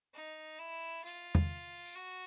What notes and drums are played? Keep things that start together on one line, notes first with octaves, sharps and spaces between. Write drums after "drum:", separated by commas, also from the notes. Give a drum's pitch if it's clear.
D#4
E4
F4
drum: tom E2
drum: tambourine
F#4